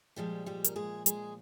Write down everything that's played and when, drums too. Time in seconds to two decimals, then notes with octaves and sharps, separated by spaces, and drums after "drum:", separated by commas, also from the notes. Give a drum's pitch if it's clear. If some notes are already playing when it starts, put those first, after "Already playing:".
0.16 A#2 F3 G3 G#3 G4
0.46 G3 G4
0.64 A#4, drum: hi-hat
0.76 G#3 G#4
1.06 G#3 G#4, drum: hi-hat